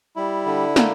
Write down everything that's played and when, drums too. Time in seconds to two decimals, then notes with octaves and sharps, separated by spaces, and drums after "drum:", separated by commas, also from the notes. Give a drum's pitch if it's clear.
0.16 G3 E4
0.46 D3
0.76 A#3, drum: snare